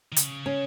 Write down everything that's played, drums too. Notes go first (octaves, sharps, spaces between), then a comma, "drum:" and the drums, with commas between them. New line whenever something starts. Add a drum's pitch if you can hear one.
D#3
C#3, drum: hi-hat
C#4